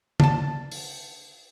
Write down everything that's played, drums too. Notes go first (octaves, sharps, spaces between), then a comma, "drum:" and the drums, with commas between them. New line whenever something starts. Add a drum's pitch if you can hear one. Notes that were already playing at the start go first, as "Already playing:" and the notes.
D4 A5, drum: tom
drum: open hi-hat